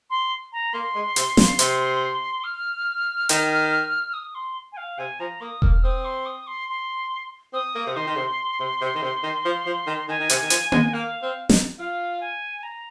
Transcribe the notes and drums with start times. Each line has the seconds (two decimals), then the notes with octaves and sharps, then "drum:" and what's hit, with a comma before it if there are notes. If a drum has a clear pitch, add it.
0.10 C6
0.53 A#5
0.73 A#3 C6
0.95 G#3
1.16 C3, drum: hi-hat
1.37 A#2, drum: snare
1.59 C3, drum: hi-hat
2.44 F6
3.29 D#3, drum: hi-hat
4.13 D#6
4.35 C6
4.73 G#5
4.77 F5
4.98 C3 G#5
5.20 F3 A#5
5.41 A#3 D#6
5.62 A#3 F6, drum: kick E1
5.84 C4 D#6
6.05 C6
6.26 D#6
6.47 C6
6.69 C6
7.53 C4 D#6
7.75 A#3
7.86 C3
7.96 D#3 C6
8.07 D#3
8.17 C3
8.60 C3
8.81 C3
8.95 D#3
9.02 C3
9.23 D#3
9.45 F3
9.66 F3
9.87 D#3
10.08 D#3 G#5
10.20 D#3
10.30 C3, drum: hi-hat
10.42 D#3
10.50 F3, drum: hi-hat
10.72 G#3, drum: tom A#3
10.93 A#3 F5
11.22 C4
11.49 D#4, drum: snare
11.78 F4 F5
12.20 G#5
12.63 A#5